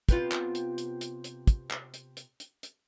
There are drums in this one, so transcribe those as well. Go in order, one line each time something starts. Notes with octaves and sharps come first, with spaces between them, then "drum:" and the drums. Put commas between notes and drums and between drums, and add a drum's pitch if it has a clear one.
C3 B3 F4, drum: kick, hi-hat
drum: clap
drum: hi-hat
drum: hi-hat
drum: hi-hat
drum: hi-hat
drum: kick, hi-hat
drum: clap
drum: hi-hat
drum: hi-hat
drum: hi-hat
drum: hi-hat